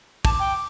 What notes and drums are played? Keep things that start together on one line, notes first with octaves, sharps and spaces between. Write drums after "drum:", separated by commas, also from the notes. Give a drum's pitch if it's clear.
A5 D6, drum: kick, open hi-hat
G5